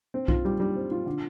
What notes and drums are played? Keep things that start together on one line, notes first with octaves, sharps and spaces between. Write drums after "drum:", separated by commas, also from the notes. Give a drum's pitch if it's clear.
C4
F4, drum: kick B1
G3
G3
C4
F4
D3